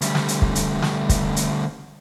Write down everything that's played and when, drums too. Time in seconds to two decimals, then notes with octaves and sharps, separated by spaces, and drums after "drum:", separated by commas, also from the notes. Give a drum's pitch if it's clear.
0.01 D2 G3, drum: hi-hat
0.15 drum: snare
0.28 drum: hi-hat
0.42 drum: kick
0.55 drum: hi-hat
0.82 drum: snare
1.09 drum: kick, hi-hat
1.36 drum: hi-hat